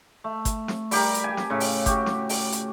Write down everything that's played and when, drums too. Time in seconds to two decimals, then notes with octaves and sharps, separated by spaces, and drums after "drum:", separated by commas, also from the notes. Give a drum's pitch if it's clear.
0.24 A3
0.45 drum: kick G1, hi-hat
0.68 drum: snare
0.91 G3 G4 A#4, drum: open hi-hat
1.14 drum: hi-hat
1.24 G4 G#5
1.37 drum: snare
1.50 A2 C#3
1.60 drum: open hi-hat
1.86 F#4 G4, drum: kick G1, hi-hat
2.06 drum: snare
2.29 drum: open hi-hat
2.52 drum: hi-hat